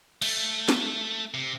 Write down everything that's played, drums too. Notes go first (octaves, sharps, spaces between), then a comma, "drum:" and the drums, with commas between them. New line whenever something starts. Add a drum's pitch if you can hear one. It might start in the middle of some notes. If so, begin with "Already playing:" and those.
A3, drum: cymbal
drum: snare
C3